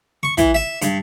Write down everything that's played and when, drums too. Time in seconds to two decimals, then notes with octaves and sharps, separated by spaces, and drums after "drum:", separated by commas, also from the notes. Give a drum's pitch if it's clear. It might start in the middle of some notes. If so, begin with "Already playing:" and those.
0.23 C#6
0.38 E3, drum: kick, hi-hat
0.55 E5
0.82 G2, drum: hi-hat